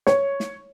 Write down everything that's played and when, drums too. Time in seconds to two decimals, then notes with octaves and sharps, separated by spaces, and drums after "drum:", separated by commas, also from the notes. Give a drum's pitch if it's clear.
0.07 C#5, drum: snare
0.40 drum: snare